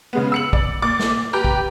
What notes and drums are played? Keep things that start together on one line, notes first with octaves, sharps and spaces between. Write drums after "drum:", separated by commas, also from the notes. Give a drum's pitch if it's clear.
C#3 G#3 B3
E6 C#7 F#7
D5, drum: kick
A#2 D6 A6
drum: snare
G4 B4 G5 A#5 G6
drum: kick